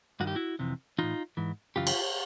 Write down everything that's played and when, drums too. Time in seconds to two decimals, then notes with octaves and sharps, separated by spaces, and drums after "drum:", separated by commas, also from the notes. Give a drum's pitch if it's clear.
0.20 G2 D#3 F#4
0.27 G4
0.35 E4 F#4
0.59 F2 C3 E3
0.98 A2 E3 D#4 F4
1.37 G#2 E3
1.76 F#2 C#3 E3 F4 G4
1.87 drum: cymbal